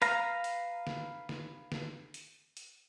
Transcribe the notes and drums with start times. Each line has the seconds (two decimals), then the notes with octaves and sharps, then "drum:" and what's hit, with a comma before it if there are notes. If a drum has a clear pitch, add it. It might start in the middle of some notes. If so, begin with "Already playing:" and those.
0.02 B4 F5 A#5, drum: hi-hat
0.44 drum: hi-hat
0.87 drum: snare
1.29 drum: snare
1.72 drum: snare
2.14 drum: hi-hat
2.57 drum: hi-hat